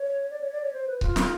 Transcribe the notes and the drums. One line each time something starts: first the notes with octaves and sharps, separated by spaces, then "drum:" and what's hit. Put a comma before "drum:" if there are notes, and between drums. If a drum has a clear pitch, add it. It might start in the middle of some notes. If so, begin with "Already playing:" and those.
Already playing: C#5
D5
C#5
D5
C#5
C5
B4
F4, drum: kick C#1
drum: snare